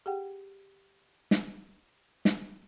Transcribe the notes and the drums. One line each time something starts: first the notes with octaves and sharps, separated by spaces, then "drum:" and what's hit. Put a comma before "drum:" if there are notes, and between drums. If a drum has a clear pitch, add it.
G4 G#4 F#5 G5
drum: snare
drum: snare